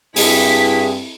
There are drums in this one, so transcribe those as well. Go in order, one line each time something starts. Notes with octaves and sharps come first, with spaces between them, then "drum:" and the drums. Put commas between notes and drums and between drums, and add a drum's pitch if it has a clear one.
G2 C4 E4 G#4 B6, drum: open hi-hat